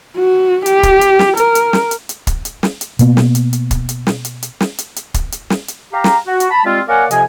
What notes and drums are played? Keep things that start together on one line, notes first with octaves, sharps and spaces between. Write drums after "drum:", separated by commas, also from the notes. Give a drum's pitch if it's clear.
F#4
G4, drum: hi-hat
drum: kick, hi-hat
drum: hi-hat
drum: snare
A#4, drum: hi-hat
drum: hi-hat
drum: snare
drum: hi-hat
drum: hi-hat
drum: kick, hi-hat
drum: hi-hat
drum: snare
drum: hi-hat
B2 A#3 B3, drum: hi-hat
drum: snare
drum: hi-hat
drum: hi-hat
drum: kick, hi-hat
drum: hi-hat
drum: snare
drum: hi-hat
drum: hi-hat
drum: snare
drum: hi-hat
drum: hi-hat
drum: kick, hi-hat
drum: hi-hat
drum: snare
drum: hi-hat
G4 F5 A#5
drum: snare
F#4
drum: hi-hat
A5 B5
G3 G#3 C4 F4
A#3 A#4 C#5 D5 F#5 G#5
F2 C3 F3 D#5 G#5, drum: hi-hat